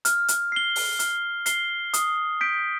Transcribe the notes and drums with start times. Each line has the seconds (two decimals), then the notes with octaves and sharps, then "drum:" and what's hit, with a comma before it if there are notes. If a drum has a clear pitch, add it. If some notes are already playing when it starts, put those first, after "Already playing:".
0.05 F6, drum: hi-hat
0.28 drum: hi-hat
0.52 C7 G7
0.76 drum: open hi-hat
0.99 F6, drum: hi-hat
1.46 C7 G7, drum: hi-hat
1.94 D#6, drum: hi-hat
2.41 G6 B6 D7